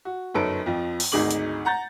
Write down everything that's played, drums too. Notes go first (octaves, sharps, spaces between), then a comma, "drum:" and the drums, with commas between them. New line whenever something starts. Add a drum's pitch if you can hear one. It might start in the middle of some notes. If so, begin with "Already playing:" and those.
F#4
G1 F#2 D#4 A4 B4 D7
F2 F3
drum: open hi-hat
G#1 D2 D#4 G#4 D6 F#7
drum: hi-hat
F#5 A#5 G6 A6